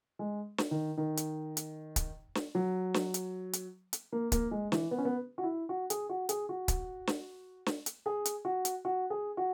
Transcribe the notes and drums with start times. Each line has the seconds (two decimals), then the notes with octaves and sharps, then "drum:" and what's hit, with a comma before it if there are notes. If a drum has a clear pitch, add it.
0.19 G#3
0.58 drum: snare
0.71 D#3
0.97 D#3
1.17 drum: hi-hat
1.57 drum: hi-hat
1.96 drum: kick, hi-hat
2.35 drum: snare
2.55 F#3
2.94 drum: snare
3.14 drum: hi-hat
3.53 drum: hi-hat
3.93 drum: hi-hat
4.12 A#3
4.32 A#3, drum: kick, hi-hat
4.51 G#3
4.72 E3, drum: snare
4.91 B3
4.98 C#4
5.05 B3
5.38 F#4
5.43 E4
5.69 F#4
5.90 G#4, drum: hi-hat
6.09 F#4
6.29 G#4, drum: hi-hat
6.49 F#4
6.68 drum: kick, hi-hat
7.07 drum: snare
7.66 drum: snare
7.86 drum: hi-hat
8.06 G#4
8.25 drum: hi-hat
8.45 F#4
8.65 drum: hi-hat
8.85 F#4
9.10 G#4
9.37 F#4